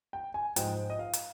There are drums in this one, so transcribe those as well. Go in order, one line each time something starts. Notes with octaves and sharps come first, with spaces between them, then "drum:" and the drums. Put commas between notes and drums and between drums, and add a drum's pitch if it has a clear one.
G5
G#5
G#2 F3 G#3 G5, drum: hi-hat
D#5
F5
drum: hi-hat